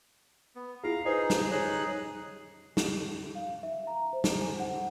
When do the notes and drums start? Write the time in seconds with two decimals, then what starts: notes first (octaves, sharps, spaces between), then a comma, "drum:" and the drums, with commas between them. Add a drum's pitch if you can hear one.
0.56 B3
0.84 E4 F4 G#4 F5 A#5
1.05 D#4 G#4 B4 C5 D#5
1.30 drum: snare
1.52 D#4 G#4 C#5 F#6
2.77 drum: snare
3.35 F5
3.63 E5
3.87 A#5
4.13 C5
4.24 drum: snare
4.41 G#5
4.60 F#5